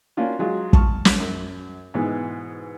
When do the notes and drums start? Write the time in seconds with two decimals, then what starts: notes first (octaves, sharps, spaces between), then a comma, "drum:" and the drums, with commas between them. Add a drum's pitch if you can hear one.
0.17 A#3 C#4 D4 F4 F#4
0.39 F#3 G#3 F4 F#4 G#4
0.73 A5 C#6 F6, drum: kick
1.05 drum: snare
1.20 F#2
1.94 G#2 B2 E3 G#3 B3